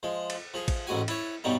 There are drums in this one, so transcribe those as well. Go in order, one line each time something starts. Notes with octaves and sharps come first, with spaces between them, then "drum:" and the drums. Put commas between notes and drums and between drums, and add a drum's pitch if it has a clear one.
F3 G#3
drum: cymbal
F3 G#4
drum: kick A1, cymbal
A1 G#2 F#4 G#5
E4 C#5, drum: cymbal
G2 B2 F#3 G3 D#4